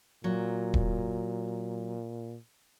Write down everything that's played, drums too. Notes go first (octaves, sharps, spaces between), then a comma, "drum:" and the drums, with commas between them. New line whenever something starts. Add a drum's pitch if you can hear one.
A#2 F#3
drum: kick D#1